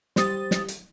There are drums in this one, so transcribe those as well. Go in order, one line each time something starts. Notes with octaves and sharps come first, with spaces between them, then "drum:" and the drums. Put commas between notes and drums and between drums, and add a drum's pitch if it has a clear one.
G3 C5 D#6 A6, drum: snare
drum: snare
drum: hi-hat